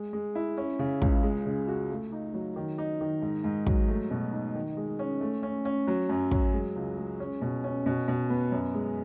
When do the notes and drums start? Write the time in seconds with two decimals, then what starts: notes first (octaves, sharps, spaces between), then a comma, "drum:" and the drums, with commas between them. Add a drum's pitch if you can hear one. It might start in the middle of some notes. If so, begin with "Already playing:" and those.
Already playing: G#3
0.13 G#3
0.35 E4
0.57 C#4
0.79 C#3
1.02 C#2, drum: kick
1.23 G#3
1.46 C#3
1.68 F#4
1.90 A3
2.12 D#4
2.34 F#3
2.56 D#3
2.78 D#4
3.01 D#3
3.22 G#2
3.44 G#2
3.67 F#3, drum: kick
3.88 A3
4.11 B2
4.33 D#4
4.55 D#3
4.77 G#3
4.99 C#4
5.21 A3
5.43 C#4
5.65 C#4
5.87 F#3
6.09 F#2
6.31 F#3, drum: kick
6.53 G#3
6.76 C#2
6.98 G#3
7.20 C#4
7.42 B2
7.64 C#4
7.86 B2
8.08 B2
8.30 B3
8.52 F#2
8.74 G#3